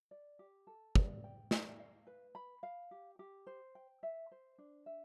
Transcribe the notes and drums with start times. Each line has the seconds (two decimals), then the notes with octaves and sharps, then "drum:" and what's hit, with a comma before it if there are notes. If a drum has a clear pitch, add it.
0.11 D5
0.39 G4
0.67 A4
0.95 D5, drum: kick
1.24 G5
1.51 D5, drum: snare
1.79 F5
2.07 B4
2.35 B5
2.63 F5
2.91 G4
3.19 G4
3.47 C5
3.75 G5
4.03 E5
4.31 C5
4.58 D4
4.86 E5